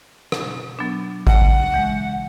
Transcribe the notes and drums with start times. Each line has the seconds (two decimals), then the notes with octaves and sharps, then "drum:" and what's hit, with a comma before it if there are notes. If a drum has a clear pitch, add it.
0.32 B2, drum: rim click
0.79 F#3 B3 D4
1.27 C#3 F#5, drum: kick G#1
1.74 E3 G#3